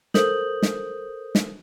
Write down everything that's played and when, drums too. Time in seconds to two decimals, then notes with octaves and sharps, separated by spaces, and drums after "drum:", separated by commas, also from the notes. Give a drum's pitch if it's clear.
0.14 A4 A#4 C5 D#6 G6 F#7, drum: snare
0.62 drum: snare
1.35 drum: snare